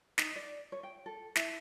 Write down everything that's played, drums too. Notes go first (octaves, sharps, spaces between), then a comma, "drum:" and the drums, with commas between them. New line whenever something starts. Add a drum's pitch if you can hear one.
D#4, drum: snare
D5
C#5
G5
A4
E4, drum: snare